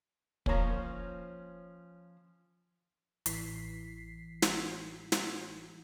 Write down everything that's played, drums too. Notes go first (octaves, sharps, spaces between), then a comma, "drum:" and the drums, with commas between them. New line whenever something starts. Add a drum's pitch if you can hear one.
F3 A#3 C#4 C#5 A#5, drum: kick
A1 E3 B6 C7, drum: hi-hat
drum: snare
drum: snare